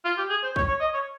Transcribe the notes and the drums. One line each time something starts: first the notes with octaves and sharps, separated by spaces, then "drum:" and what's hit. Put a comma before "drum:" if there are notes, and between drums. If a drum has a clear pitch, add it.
F4
G4
G#4
C5
C#5, drum: kick
C#5
D#5
C#5